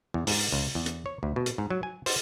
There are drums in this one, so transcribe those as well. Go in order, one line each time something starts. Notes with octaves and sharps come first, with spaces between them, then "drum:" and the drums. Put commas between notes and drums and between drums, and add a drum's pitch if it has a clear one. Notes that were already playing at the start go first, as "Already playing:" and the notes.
E2
G#2, drum: open hi-hat
C#2
E2
drum: hi-hat
C#5
D2
B2
drum: hi-hat
G#2
F#3
G#5
C5, drum: open hi-hat